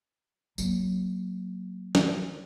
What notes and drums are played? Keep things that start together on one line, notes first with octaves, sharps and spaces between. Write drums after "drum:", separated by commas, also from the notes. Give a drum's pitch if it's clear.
F#3 A#3, drum: tambourine
drum: snare